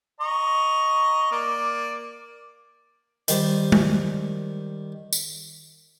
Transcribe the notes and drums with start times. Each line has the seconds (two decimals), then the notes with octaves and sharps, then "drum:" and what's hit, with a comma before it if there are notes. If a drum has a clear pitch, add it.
0.21 D#5 A#5 C#6
1.32 A#3 D5
3.28 D#3 G3 C5, drum: hi-hat
3.72 drum: tom G#3
5.13 drum: tambourine